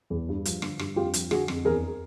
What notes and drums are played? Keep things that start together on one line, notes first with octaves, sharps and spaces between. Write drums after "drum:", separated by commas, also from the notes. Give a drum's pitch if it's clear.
E2
G2
F3, drum: hi-hat
D3, drum: rim click
G2, drum: rim click
F2 F4 G4
F3, drum: hi-hat
D3 F#4 G#4, drum: rim click
F2, drum: rim click
E2 G#4 A#4